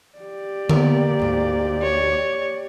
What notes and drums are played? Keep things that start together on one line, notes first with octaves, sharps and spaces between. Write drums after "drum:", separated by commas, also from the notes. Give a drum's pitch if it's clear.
G4 D5
A#3 B3 A#4, drum: tom D3
D2 G#2
C#5